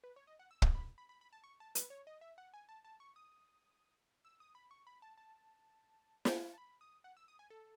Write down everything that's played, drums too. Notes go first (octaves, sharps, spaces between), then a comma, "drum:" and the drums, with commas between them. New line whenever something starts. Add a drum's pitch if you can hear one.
B4
C#5
D#5
F#5
E6
D#6, drum: kick
B5
B5
B5
B5
A5
C#6
A5
B4, drum: hi-hat
C#5
D#5
E5
F#5
G#5
A5
A5
C#6
D#6
E6
D#6
B5
C#6
B5
A5
A5
drum: snare
A5
B5
D#6
F#5
E6
D#6
G#5
A4